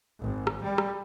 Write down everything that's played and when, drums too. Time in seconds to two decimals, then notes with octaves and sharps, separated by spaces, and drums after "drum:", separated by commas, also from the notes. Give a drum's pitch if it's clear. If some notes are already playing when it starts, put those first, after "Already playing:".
0.20 G#1
0.47 drum: rim click
0.63 G3
0.78 drum: rim click